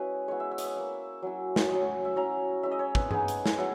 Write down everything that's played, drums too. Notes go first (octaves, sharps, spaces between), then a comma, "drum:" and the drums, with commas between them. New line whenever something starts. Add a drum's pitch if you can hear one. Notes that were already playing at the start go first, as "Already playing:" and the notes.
Already playing: G#3 C#4 E4 F#4 G#4 B4
G#3 B3 E4 C#5
E5
E5
D#5, drum: hi-hat
E5
A#3 E4
F#3 C#4 E4
drum: snare
F#3 C#4 E4 D#5
C#5
E5
F#3 C#4 E4 A#5
G#3 C#4 E4 E5
D#5
C#5
B4, drum: kick
G#3 B3 D#4 G#4, drum: tom G2
drum: hi-hat
drum: snare
F#3 B3 E4